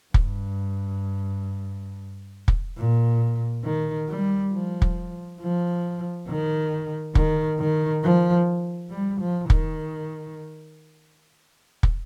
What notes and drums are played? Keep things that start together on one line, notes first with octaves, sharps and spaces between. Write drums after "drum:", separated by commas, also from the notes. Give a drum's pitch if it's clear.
G2, drum: kick
drum: kick
A#2
D#3
G3
F3
drum: kick
F3
D#3
D#3, drum: kick
D#3
F3
G3
F3
D#3, drum: kick
drum: kick